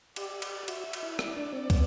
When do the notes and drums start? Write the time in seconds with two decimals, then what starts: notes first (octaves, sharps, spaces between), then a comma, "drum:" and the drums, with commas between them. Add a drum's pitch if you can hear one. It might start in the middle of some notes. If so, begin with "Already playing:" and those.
0.16 G4 D5, drum: cymbal
0.42 drum: cymbal
0.68 F#4 E5, drum: cymbal
0.93 drum: cymbal
1.03 E4
1.19 D5, drum: rim click
1.26 E4
1.37 D4
1.53 C4
1.70 B3, drum: kick, cymbal